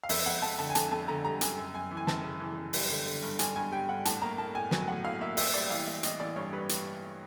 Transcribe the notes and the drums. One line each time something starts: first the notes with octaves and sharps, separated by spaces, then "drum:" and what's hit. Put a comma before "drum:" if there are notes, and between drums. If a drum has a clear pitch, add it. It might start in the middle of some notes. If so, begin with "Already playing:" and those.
F5
F2 E5, drum: open hi-hat
F2 F#5
F2 A5
D3 A5
G#5
F2 A5, drum: hi-hat
F2 A5
D3 A#5
G3 A#5
F#2 G#5, drum: hi-hat
F#2
F#2 G#5
E3
G#5
F#2 A5, drum: snare
C#3
E3
F#2
G3, drum: open hi-hat
D3
D3
G2
G2 G#5, drum: hi-hat
G2 G#5
G3 G5
G2 F#5
A2 A5, drum: hi-hat
A#3 A#5
A#3 A5
A2 G#5
F#3 G#5, drum: snare
A2 F#5
A2 F5
A#3 E5
A1 E5, drum: open hi-hat
G3 D5
E3 F5
A1 E5
A1 D#5, drum: hi-hat
E3 D5
G2 C#5
G3 B4
drum: hi-hat